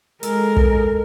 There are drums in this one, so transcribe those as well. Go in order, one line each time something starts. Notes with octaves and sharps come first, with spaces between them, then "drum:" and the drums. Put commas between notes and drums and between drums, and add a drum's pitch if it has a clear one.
G#3 A4 A#4, drum: hi-hat
drum: kick